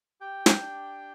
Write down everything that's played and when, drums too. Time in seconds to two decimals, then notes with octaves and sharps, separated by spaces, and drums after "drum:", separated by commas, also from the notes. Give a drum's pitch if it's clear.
0.21 G4 G5
0.46 drum: snare
0.60 D4